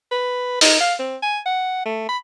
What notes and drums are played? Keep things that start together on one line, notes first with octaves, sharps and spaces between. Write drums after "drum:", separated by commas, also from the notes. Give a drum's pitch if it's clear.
B4
D#4, drum: open hi-hat
F5
C4
G#5
F#5
A3
B5